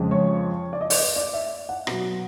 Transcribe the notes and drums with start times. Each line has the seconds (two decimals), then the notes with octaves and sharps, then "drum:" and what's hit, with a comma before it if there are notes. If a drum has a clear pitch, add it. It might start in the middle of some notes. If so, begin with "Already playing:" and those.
Already playing: F2 C#3 F3 G#3
0.11 C#5
0.73 D5
0.81 D#5
0.90 D5, drum: open hi-hat
0.98 D#5
1.16 D5
1.33 E5
1.69 F#5
1.87 B2 F#3, drum: rim click